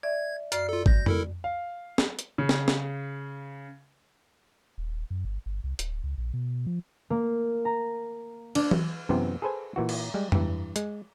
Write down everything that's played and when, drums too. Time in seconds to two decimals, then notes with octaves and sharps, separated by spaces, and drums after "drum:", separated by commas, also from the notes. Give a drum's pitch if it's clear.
0.03 D5 E5 G#6
0.52 F#2 D5 F6 C7, drum: hi-hat
0.69 F4 A4
0.86 G6 A#6, drum: kick
1.06 E4 A4 A#4, drum: tom F2
1.44 F5
1.98 drum: snare
2.19 drum: hi-hat
2.38 C#3
2.49 drum: snare
2.68 drum: snare
4.78 D#1
5.10 F#2
5.25 G1
5.46 G1
5.64 C2
5.79 D1, drum: hi-hat
6.04 C#2
6.18 A#1
6.34 B2
6.67 F3
7.10 A#3
7.65 A#5
8.55 D4, drum: cymbal
8.71 drum: tom E3
9.09 F#2 C3 E3 B3 C5 G5
9.42 G#4 A4 B4 C5 G#5
9.76 A#2 E3 F#4
9.89 drum: cymbal
10.14 G3 G#3
10.32 G2 E3, drum: tom F2
10.76 G#3, drum: hi-hat